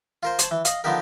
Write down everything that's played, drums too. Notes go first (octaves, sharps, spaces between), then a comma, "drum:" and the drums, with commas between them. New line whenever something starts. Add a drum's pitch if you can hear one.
F4 A#4 C5
C5 C#5 A5, drum: hi-hat
E3
D#5 F5, drum: hi-hat
D3 F3 B3 D#4 G4 A#4